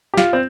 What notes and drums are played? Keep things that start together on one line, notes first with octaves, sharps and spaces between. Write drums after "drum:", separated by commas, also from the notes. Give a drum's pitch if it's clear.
G4
F4, drum: snare
C4